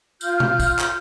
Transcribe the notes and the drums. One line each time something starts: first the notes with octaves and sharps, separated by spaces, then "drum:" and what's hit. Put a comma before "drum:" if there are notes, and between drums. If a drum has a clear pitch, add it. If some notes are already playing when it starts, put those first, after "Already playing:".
F4 F6 G6, drum: tambourine
drum: tom B2
drum: kick, tambourine
drum: clap